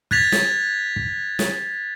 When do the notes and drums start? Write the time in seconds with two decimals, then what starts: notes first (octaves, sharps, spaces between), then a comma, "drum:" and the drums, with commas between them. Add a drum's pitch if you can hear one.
0.11 F#6 G#6 A6 B6 F7, drum: kick
0.32 drum: snare
0.96 drum: kick
1.39 drum: snare